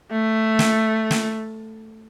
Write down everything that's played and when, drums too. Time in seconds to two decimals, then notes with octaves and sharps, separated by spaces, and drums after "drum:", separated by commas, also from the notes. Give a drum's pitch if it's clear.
0.11 A3
0.59 drum: snare
1.11 drum: snare